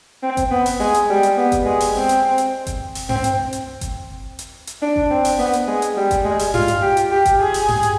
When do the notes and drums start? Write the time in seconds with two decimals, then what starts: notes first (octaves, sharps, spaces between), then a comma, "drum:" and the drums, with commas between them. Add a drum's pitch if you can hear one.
0.23 C4
0.37 drum: kick G1, hi-hat
0.51 B3
0.66 drum: open hi-hat
0.80 G#3
0.94 drum: hi-hat
1.09 G3
1.23 drum: hi-hat
1.37 B3
1.52 drum: kick G1, hi-hat
1.66 G#3
1.80 drum: open hi-hat
1.95 C4
2.09 drum: hi-hat
2.38 drum: hi-hat
2.67 drum: kick G1, hi-hat
2.95 drum: open hi-hat
3.09 C4, drum: tom G2
3.24 drum: hi-hat
3.53 drum: hi-hat
3.81 drum: kick G1, hi-hat
4.39 drum: hi-hat
4.67 drum: hi-hat
4.82 D4
4.96 drum: kick G1
5.11 C4
5.25 drum: open hi-hat
5.38 B3
5.53 drum: hi-hat
5.67 G#3
5.82 drum: hi-hat
5.97 G3
6.11 drum: kick G1, hi-hat
6.25 G#3
6.39 drum: open hi-hat
6.54 F4, drum: tom G2
6.68 drum: hi-hat
6.82 G4
6.97 drum: hi-hat
7.11 G4
7.25 drum: kick G1, hi-hat
7.40 G#4
7.54 drum: open hi-hat
7.69 drum: tom G2
7.83 drum: hi-hat